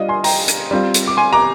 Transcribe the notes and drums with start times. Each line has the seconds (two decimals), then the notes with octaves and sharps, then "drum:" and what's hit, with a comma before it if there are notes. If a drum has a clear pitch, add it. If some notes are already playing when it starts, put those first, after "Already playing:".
Already playing: G3 D4 F4 D#5
0.09 G#5 C6
0.24 G5 A#5, drum: open hi-hat
0.48 drum: hi-hat
0.71 G3 C4 F4
0.94 drum: hi-hat
1.08 D6
1.17 G#5 C6
1.33 A#5 D6